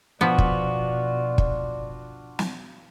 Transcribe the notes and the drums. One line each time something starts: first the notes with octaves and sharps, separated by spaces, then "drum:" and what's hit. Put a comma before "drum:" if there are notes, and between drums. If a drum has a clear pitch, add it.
B2 F3 B3 D4 F4 F#4 D5
drum: kick
drum: kick
drum: snare